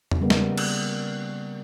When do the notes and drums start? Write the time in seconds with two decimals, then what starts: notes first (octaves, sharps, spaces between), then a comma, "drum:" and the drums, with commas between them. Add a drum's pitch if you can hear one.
0.11 drum: tom E2
0.21 C#3 G3 A#3 B3
0.30 drum: snare
0.58 drum: cymbal